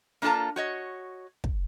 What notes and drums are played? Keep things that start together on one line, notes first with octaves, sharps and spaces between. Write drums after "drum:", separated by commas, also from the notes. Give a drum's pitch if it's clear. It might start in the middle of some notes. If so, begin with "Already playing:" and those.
A#3 D4 F4 A4 A5 A#5
F#4 C#5 D#5
drum: kick